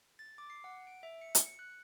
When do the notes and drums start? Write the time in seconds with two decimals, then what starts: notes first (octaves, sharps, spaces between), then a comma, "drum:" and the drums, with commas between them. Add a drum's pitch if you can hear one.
0.19 A6
0.38 D6
0.50 C7
0.64 F#5
0.87 D7
1.03 E5
1.21 C#7
1.35 drum: hi-hat
1.46 C#7
1.59 F#6